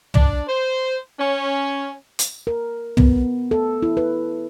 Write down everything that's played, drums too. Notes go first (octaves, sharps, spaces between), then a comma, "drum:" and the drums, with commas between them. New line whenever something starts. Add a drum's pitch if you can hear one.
D4, drum: tom
C5
C#4
drum: hi-hat
A#4
B3, drum: tom
A4
E4
B4